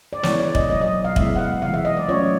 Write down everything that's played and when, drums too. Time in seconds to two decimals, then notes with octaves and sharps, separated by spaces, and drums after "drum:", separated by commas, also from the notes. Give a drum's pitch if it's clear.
0.13 D5
0.23 E3 G#3 B3 E4 C#5, drum: snare
0.40 D5
0.55 D#5, drum: kick
0.70 B2 F#3 A#3 D#5
0.81 D#5
1.04 F5
1.16 B2 G#3 B3 E4 E5, drum: kick
1.36 F#5
1.39 F5
1.62 C3 E3 G#3 F5
1.74 E5
1.85 D#5
1.97 D5
2.08 F#3 A3 C#4 F4 C#5